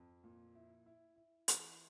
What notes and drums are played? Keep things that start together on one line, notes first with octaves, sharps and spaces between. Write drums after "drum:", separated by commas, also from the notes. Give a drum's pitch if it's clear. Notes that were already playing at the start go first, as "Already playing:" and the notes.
Already playing: F2
A#2
E4
E4
E4
E3, drum: hi-hat